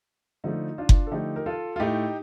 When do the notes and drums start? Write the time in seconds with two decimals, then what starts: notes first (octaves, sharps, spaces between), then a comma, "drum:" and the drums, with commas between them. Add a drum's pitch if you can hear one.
0.44 D3 F3 A3 D#4
0.78 D4 F4
0.89 drum: kick F#1
1.07 A4
1.11 D3 F3 A3 D#4 G4
1.36 A#4
1.46 F4 A4
1.76 F4
1.80 A2 A3 D#4 G4